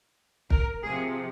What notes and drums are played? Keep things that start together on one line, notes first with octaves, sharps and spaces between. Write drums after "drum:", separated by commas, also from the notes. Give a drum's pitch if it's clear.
A#4, drum: kick
C3 F3 G#4